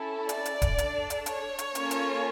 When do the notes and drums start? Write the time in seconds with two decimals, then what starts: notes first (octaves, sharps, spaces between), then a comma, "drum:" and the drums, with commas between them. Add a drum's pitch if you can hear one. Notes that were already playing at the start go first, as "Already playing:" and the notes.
Already playing: C#4 E4 A4
0.29 D5, drum: hi-hat
0.46 drum: hi-hat
0.62 drum: kick D1, hi-hat
0.78 D4 A4, drum: hi-hat
1.10 drum: hi-hat
1.26 C#5, drum: hi-hat
1.59 drum: hi-hat
1.75 A#3 C#4 F4 A4, drum: hi-hat
1.91 drum: hi-hat